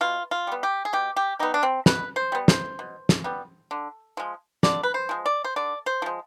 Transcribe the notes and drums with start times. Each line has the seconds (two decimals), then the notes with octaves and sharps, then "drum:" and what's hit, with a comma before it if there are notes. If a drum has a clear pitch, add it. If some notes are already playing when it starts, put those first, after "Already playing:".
0.01 B2 F4
0.31 F4
0.47 G3 B3
0.63 G4
0.85 G#4
0.93 B2 G4
1.16 G4
1.39 G3 B3 D#4
1.54 D4
1.63 C4
1.86 B2 B4, drum: snare
2.16 C5
2.32 G3 B3
2.48 C5, drum: snare
2.79 B2
3.09 drum: snare
3.24 G3 B3
3.71 D3
4.17 F3 G#3
4.63 D3 D5, drum: snare
4.83 B4
4.94 C5
5.09 F3 G#3
5.26 D5
5.44 C5
5.56 D3 D5
5.86 C5
6.02 F3 G#3